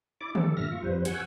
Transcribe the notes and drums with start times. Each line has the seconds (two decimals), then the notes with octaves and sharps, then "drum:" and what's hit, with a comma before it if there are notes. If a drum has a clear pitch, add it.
0.21 E4 D5 D6
0.35 G3 A4, drum: tom D3
0.57 G2 A#2 E5 F6 A#6
0.71 F4 C#6
0.83 F2 G3 B4 C5
1.05 F#5 G#5 C#6 E6 F#6 G6, drum: hi-hat